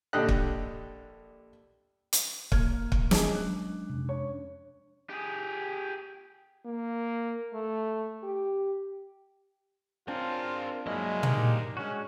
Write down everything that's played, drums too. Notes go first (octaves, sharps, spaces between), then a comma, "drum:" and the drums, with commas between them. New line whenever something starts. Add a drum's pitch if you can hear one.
A#1 D3 G3 G4 D#5 F#6
drum: kick
drum: hi-hat
A#3 F6 G#6, drum: kick
drum: kick
F#3 G#3 C#4 D4 G#4 D#5 G#5, drum: snare
F#6
F2 C3
C#5
G4 G#4
A#3
A3
G4
C4 D4 F4 G#4 A#4
G2 F#3 G#3 A#3 E4 D#5
A#3 D#4 G4, drum: tom
G#3 C#4 F#4